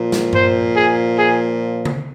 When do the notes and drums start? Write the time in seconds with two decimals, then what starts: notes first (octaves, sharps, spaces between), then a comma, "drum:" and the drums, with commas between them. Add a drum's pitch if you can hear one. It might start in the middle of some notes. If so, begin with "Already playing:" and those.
Already playing: A#2 F3
0.12 drum: snare
0.33 C5, drum: tom G2
0.74 G#4
1.15 G#4
1.85 drum: tom C#3